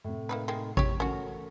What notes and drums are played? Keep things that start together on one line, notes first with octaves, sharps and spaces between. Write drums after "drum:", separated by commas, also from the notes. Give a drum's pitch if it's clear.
A2 C3
A#3 D#4 B4
D#3 G#3 A#3
G4 C#5, drum: kick A1
E3 A3 C#4 F#4 A#4